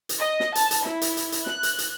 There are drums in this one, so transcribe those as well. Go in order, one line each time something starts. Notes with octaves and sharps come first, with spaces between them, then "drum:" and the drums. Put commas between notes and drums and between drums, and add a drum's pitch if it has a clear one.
drum: hi-hat
D#5
drum: snare
A5, drum: hi-hat
drum: hi-hat
E4, drum: snare
drum: hi-hat
drum: hi-hat
drum: hi-hat
F#6, drum: snare
drum: hi-hat
drum: hi-hat